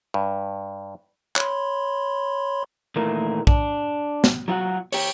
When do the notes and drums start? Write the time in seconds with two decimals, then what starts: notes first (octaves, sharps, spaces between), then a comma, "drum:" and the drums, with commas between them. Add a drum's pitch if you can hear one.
0.14 G2
1.36 C#5 B5 C6, drum: clap
2.96 A#2 D#3 E3 A3 A#3
3.47 D4, drum: kick
4.24 drum: snare
4.48 F#3 F4 F#4 F#5
4.92 G4 C#5, drum: open hi-hat